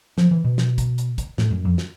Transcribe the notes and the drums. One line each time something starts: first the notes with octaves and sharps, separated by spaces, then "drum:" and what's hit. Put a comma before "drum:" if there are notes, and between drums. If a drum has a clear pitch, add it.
F3, drum: snare
E3
B2
drum: snare
drum: kick, hi-hat
drum: hi-hat
drum: kick, hi-hat
A2, drum: snare
F#2
F2
drum: snare